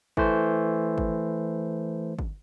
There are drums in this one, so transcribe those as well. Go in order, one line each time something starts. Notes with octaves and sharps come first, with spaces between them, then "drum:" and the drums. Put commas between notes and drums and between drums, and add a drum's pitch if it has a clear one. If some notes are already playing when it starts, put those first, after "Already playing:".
E3 A3 C5, drum: kick
drum: kick
drum: kick